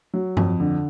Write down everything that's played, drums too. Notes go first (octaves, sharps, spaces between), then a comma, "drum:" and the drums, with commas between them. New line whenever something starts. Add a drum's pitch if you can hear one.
F#3
F2, drum: tom G2
D3